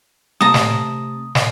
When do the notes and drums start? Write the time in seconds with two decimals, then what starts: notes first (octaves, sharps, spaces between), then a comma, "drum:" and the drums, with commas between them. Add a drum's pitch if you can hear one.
0.41 C3 A3 A5 A#5 D#6
0.54 drum: snare
1.35 drum: snare